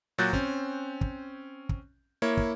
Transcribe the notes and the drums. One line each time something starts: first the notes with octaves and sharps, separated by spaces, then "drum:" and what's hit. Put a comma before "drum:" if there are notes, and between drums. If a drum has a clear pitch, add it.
A#2 F#3 F#4 F#6 G6 A6
C4 C#4, drum: kick
drum: kick
drum: kick
A#3 E4 C#5
drum: kick